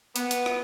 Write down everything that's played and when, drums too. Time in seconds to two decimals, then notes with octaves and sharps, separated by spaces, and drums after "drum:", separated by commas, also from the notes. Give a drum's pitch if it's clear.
0.16 B3, drum: hi-hat
0.31 drum: hi-hat
0.46 drum: rim click